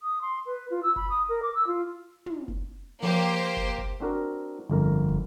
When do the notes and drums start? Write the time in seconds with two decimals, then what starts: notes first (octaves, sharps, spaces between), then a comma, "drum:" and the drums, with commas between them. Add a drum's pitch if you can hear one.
0.02 D#6
0.21 C6
0.46 B4
0.70 F4
0.83 E6
0.96 B5, drum: kick
1.10 D#6
1.29 A#4
1.42 D6
1.55 E6
1.67 F4
2.26 drum: tom
2.48 drum: kick
3.03 F3 A#3 G4 C5
3.57 drum: kick
3.78 drum: kick
4.00 C4 D4 F#4 A#4
4.70 G1 F2 A#4
5.09 drum: kick